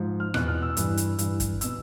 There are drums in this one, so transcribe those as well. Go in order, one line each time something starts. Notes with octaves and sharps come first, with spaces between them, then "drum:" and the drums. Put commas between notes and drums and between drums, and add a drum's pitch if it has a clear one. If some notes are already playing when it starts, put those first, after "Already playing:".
Already playing: G#2 F3
F6
E2 B2 F#6, drum: rim click
F6
E6
G2 E3, drum: hi-hat
drum: hi-hat
G2 E3, drum: hi-hat
drum: kick, hi-hat
B2 E6, drum: hi-hat